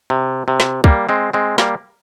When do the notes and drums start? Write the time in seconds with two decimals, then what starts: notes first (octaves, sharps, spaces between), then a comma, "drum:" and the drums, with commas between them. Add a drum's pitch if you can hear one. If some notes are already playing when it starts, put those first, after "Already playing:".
0.10 C3
0.48 C3
0.60 drum: snare
0.84 G3 A#3, drum: kick
1.09 G#3 C4
1.33 G#3 C4
1.58 G3 A#3, drum: snare